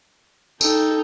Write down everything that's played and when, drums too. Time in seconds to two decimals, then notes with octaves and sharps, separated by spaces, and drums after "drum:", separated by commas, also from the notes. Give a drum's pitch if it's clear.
0.61 D#4 A4 G5, drum: tambourine